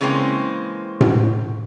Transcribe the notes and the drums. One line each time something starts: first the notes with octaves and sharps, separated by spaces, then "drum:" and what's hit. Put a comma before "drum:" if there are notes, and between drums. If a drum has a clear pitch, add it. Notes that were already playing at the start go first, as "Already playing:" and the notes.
C#3 E3 G#3 A#3 C4
drum: tom A2